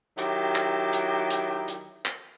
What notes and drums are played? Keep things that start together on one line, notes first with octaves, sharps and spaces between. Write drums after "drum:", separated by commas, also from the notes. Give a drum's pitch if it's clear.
D#3 F#3 E4 G4, drum: hi-hat
drum: clap
drum: hi-hat
drum: hi-hat
drum: hi-hat
drum: clap